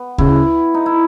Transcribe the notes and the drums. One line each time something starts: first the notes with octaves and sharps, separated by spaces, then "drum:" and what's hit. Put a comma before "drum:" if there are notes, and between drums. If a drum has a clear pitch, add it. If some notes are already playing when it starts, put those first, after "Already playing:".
Already playing: B3
C#3 E4, drum: kick D2
D#4
E4